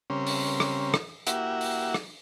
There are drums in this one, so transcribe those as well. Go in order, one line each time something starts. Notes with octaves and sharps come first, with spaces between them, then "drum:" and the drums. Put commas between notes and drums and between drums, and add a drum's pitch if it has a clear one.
C#3 G3 C4 C#4 A#4 C6
drum: open hi-hat
drum: rim click
drum: rim click
A#3 E4 F#4 G4 E5 F#5, drum: hi-hat
drum: open hi-hat
drum: rim click